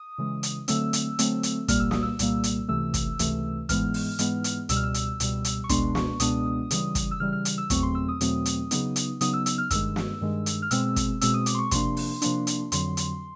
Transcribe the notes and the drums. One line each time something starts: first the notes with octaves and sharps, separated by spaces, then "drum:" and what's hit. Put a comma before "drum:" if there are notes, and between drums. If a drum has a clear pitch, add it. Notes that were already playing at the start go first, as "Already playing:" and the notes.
Already playing: D#6
C#3 E3 G#3
drum: hi-hat
D3 F#3 A3 C4 E6, drum: hi-hat
drum: hi-hat
D3 F#3 A3 C4, drum: hi-hat
drum: hi-hat
C2 A#2 G3 A#3 F6, drum: kick, hi-hat
E6
D#6, drum: snare
E6
C2 A#2 G3 A#3, drum: hi-hat
drum: hi-hat
C#2 C3 E3 A3 E6
drum: kick, hi-hat
C#2 C3 E3 A3, drum: hi-hat
G#2 E3 G#3 B3 F6, drum: kick, hi-hat
drum: open hi-hat
G#2 E3 G#3 B3, drum: hi-hat
drum: hi-hat
C#2 B2 G3 E6, drum: hi-hat
F6
E6
drum: hi-hat
C#2 B2 G3, drum: hi-hat
drum: hi-hat
C#6
C#2 B2 G#3 B3 D4 C6, drum: kick, hi-hat
C#6, drum: snare
C#2 B2 G#3 B3 D4 D#6, drum: hi-hat
C#3 E3 G3, drum: hi-hat
drum: kick, hi-hat
E6
C#3 E3 G3 F6
F6
drum: hi-hat
E6
E2 B2 F#3 A3 C4 C#6, drum: kick, hi-hat
C6
E6
D#6
E2 B2 F#3 A3 C4, drum: hi-hat
drum: hi-hat
C#3 F#3 B3 D#4, drum: hi-hat
drum: hi-hat
C#3 F#3 B3 D#4 D#6, drum: hi-hat
E6
E6, drum: hi-hat
F6
G2 D#3 G#3 E6, drum: kick, hi-hat
drum: snare
G2 D#3 G#3
drum: hi-hat
F6
B2 G#3 C4 E6, drum: hi-hat
drum: kick, hi-hat
B2 G#3 C4 E6, drum: hi-hat
D#6
D6, drum: hi-hat
C6
C#6
C3 F3 A#3 D4 C6, drum: kick, hi-hat
drum: open hi-hat
C3 F3 A#3 D4, drum: hi-hat
drum: hi-hat
F2 D3 F#3 C6, drum: hi-hat
drum: hi-hat